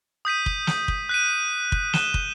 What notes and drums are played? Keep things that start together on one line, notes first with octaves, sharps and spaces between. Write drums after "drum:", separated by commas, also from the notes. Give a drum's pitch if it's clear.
D#6 G6 B6 D#7
drum: kick
drum: snare
drum: kick
F#6 B6 D#7
drum: kick
F#6 B6 E7 G7, drum: snare
drum: kick